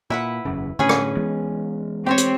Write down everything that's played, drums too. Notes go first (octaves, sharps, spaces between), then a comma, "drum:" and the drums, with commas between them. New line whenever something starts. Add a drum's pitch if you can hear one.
A#2 E4 B4 F#5
E1 F#2 C#3
A2 D3 C#4 G#4 B4
drum: rim click
E3 G#3 B3
C4 G4 C5 C#5
drum: hi-hat